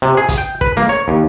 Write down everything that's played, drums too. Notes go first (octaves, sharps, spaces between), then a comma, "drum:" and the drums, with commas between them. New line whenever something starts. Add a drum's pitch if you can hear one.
C3
G#4
drum: kick, hi-hat
G5
B4, drum: kick
A#3, drum: snare
C#5
D#2